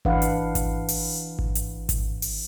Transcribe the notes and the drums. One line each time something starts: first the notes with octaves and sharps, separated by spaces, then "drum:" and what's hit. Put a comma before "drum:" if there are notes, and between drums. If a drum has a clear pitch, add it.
E3 D4 B4 F5 F#5, drum: kick G#1
drum: hi-hat
drum: kick G#1, hi-hat
drum: open hi-hat
drum: kick G#1
drum: hi-hat
drum: kick G#1, hi-hat
drum: open hi-hat